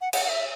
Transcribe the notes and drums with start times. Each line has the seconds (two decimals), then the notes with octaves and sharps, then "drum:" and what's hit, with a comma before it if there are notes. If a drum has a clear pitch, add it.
0.01 F#5
0.13 F#5, drum: cymbal
0.24 F#5
0.29 E5